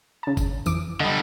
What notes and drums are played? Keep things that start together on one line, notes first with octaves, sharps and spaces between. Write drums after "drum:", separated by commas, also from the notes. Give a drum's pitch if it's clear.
C#3 A5
drum: kick, tambourine
F2 E3 D6, drum: tambourine
D3 G3 D#5